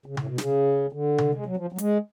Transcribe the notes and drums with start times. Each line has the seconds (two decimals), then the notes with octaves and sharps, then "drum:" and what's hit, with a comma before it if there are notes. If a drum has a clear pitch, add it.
0.06 C#3
0.17 A2, drum: tom C3
0.27 B2
0.38 C#3, drum: snare
0.93 D3
1.18 drum: tom C3
1.35 G#3
1.46 F#3
1.57 F3
1.72 F#3
1.78 G#3, drum: hi-hat